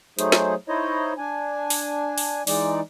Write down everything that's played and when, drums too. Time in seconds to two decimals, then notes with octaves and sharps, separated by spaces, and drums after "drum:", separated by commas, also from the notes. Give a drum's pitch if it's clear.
0.19 F#3 A3 D#4 G#4 C5, drum: hi-hat
0.32 drum: snare
0.68 D#4 E4 C5 C#5 D#5
1.18 D4 G#5
1.70 drum: open hi-hat
2.18 drum: open hi-hat
2.47 E3 G#3 D#4 D5, drum: open hi-hat